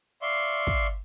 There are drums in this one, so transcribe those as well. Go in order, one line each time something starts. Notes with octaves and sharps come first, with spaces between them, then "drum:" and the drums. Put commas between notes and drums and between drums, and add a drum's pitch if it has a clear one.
D5 E5 F5 C6 C#6
drum: kick